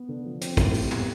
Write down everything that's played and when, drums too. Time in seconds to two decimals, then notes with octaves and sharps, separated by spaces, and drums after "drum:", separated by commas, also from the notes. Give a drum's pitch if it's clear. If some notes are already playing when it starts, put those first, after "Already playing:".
Already playing: B3
0.09 D3
0.25 F3
0.41 C4, drum: hi-hat
0.57 A2, drum: kick, hi-hat
0.74 G3, drum: open hi-hat
0.91 B3, drum: tom